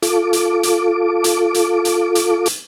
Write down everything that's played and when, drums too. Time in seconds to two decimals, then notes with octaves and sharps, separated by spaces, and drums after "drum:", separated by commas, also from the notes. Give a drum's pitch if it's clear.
0.02 F4 A4 D6, drum: hi-hat
0.33 drum: hi-hat
0.63 drum: hi-hat
1.24 drum: hi-hat
1.54 drum: hi-hat
1.85 drum: hi-hat
2.15 drum: hi-hat
2.46 drum: hi-hat